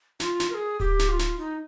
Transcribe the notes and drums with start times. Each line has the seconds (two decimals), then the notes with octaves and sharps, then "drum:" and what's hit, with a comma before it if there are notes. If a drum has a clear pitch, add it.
0.20 F4, drum: snare
0.40 drum: snare
0.50 A#4
0.55 G#4
0.80 G4, drum: kick D1
0.99 drum: snare
1.09 F4
1.19 drum: snare
1.38 D#4